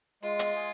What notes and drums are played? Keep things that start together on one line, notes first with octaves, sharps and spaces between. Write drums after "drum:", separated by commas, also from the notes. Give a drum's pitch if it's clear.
G#3 F4
drum: hi-hat
G#4